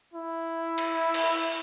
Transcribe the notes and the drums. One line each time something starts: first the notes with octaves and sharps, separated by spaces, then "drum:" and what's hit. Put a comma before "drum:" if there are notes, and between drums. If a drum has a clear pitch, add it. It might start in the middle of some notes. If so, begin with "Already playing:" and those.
E4
drum: cymbal
drum: cymbal